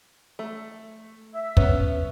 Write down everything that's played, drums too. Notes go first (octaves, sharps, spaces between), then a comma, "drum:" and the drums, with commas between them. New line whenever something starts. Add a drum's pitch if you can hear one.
A3
E5
B3 C#4, drum: kick